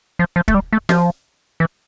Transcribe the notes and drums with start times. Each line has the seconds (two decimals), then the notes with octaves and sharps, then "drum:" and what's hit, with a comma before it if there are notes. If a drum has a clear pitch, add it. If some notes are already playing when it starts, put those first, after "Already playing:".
0.19 F3
0.36 F3
0.48 A3, drum: kick
0.54 G3
0.73 A3
0.89 F3, drum: snare
1.60 E3